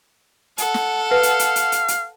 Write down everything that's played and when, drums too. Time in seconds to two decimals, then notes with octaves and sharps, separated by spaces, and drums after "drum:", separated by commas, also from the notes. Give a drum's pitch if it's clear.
0.58 A4 F#5, drum: hi-hat
0.74 drum: snare
1.11 B4 F5
1.23 drum: hi-hat
1.39 drum: hi-hat
1.56 drum: hi-hat
1.72 drum: hi-hat
1.88 drum: hi-hat